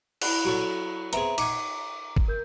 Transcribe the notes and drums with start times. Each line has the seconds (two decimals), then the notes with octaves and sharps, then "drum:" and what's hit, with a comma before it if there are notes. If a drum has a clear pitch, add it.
0.22 E4 B5 F#6, drum: cymbal
0.45 F#3 F#4 A4
1.13 B3 C4 G#4 E5 A#5, drum: hi-hat
1.38 D#4 F#5 G#5 D6, drum: cymbal
2.17 drum: kick G#1
2.28 A#4 G6